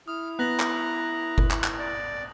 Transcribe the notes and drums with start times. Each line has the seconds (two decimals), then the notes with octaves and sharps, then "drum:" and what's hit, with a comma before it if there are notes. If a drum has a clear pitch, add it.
0.08 E4 D#6 F6
0.39 B3 A#5 F#6 A#6 F#7
0.60 drum: clap
1.38 drum: kick G1
1.51 drum: clap
1.64 drum: clap
1.79 D5